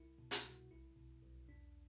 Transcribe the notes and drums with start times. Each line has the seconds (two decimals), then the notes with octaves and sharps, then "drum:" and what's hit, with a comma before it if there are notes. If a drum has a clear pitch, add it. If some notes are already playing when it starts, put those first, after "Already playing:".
Already playing: C2 E4
0.19 B2
0.31 F#4, drum: hi-hat
0.44 C2
0.70 B1 E4
0.96 B2
1.23 B1
1.49 E2 D4